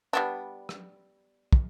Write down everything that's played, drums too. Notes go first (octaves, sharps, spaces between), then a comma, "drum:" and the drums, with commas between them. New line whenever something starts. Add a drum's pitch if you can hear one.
G3 B3 D4
drum: rim click
drum: kick